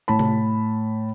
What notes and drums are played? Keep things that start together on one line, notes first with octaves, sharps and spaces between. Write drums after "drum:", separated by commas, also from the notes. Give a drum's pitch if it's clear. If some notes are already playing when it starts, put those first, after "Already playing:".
A2 A5 B5
drum: tom C3